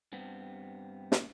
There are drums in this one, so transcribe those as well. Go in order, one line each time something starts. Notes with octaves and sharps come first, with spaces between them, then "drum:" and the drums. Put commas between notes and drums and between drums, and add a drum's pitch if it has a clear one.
G2 B3 C4
drum: snare